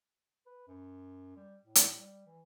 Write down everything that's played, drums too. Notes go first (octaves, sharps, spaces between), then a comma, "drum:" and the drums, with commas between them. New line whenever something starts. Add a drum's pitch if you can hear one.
B4
F#2
G3
A2
drum: hi-hat
G3
E3